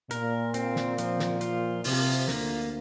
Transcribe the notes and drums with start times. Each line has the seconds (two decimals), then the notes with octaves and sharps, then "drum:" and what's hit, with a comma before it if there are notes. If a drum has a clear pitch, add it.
0.11 A#2 A#4, drum: hi-hat
0.54 C4, drum: hi-hat
0.76 drum: snare
0.98 F3, drum: hi-hat
1.19 drum: snare
1.41 F4, drum: hi-hat
1.84 C3 F4, drum: open hi-hat
2.28 D2 D3 A#3, drum: snare